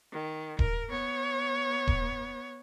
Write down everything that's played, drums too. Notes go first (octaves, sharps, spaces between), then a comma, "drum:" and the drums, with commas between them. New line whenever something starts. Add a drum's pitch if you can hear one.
D#3
A#4, drum: kick D#1
B3 C#5
drum: kick D#1